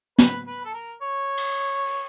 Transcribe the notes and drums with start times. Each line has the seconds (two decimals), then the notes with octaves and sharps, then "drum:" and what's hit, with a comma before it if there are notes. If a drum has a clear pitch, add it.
0.18 B4, drum: snare
0.47 B4
0.65 A4
0.74 A#4
1.02 C#5
1.37 drum: cymbal
1.86 drum: open hi-hat